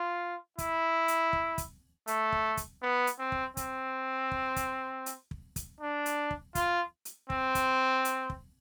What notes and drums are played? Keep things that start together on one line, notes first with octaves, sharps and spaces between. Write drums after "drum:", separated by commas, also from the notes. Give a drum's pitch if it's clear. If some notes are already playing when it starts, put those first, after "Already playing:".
Already playing: F4
E4, drum: kick, hi-hat
drum: hi-hat
drum: kick
drum: kick, hi-hat
A3, drum: hi-hat
drum: kick
drum: kick, hi-hat
B3
drum: hi-hat
C4
drum: kick
C4, drum: kick, hi-hat
drum: kick
drum: kick, hi-hat
drum: hi-hat
drum: kick
drum: kick, hi-hat
D4
drum: hi-hat
drum: kick
F4, drum: kick, hi-hat
drum: hi-hat
C4, drum: kick
drum: kick, hi-hat
drum: hi-hat
drum: kick